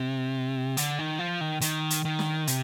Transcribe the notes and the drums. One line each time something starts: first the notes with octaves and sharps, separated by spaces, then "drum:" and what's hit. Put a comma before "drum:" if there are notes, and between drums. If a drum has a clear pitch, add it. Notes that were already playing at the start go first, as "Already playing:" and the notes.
Already playing: C3
D3, drum: hi-hat
D#3
F3
D#3
D#3, drum: hi-hat
drum: hi-hat
D#3
drum: snare
C3, drum: hi-hat